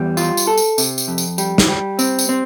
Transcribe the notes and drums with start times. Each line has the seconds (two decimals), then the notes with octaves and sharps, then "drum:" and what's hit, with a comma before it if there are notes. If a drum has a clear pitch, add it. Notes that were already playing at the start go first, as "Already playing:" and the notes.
Already playing: E2 G3
0.17 F4, drum: tambourine
0.37 drum: tambourine
0.47 A4
0.57 drum: tambourine
0.78 C3, drum: tambourine
0.98 drum: tambourine
1.08 F2
1.18 drum: tambourine
1.38 G3, drum: tambourine
1.58 drum: snare
1.68 G3
1.99 C4, drum: tambourine
2.19 drum: tambourine
2.29 C4